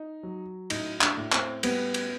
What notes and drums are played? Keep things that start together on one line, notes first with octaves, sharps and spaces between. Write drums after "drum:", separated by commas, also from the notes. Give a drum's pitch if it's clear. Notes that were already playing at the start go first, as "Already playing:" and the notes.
Already playing: D#4
F#3
A2 D#4, drum: cymbal
D4, drum: clap
A2
C4, drum: clap
G3 B3, drum: cymbal
drum: cymbal